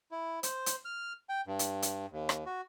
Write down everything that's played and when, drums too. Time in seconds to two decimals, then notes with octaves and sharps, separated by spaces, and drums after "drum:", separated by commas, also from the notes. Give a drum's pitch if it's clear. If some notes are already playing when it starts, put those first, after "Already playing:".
0.11 E4
0.43 C5, drum: hi-hat
0.66 drum: hi-hat
0.85 F6
1.29 G5
1.47 G2
1.59 drum: hi-hat
1.82 drum: hi-hat
2.11 D#2
2.29 drum: rim click
2.46 F#4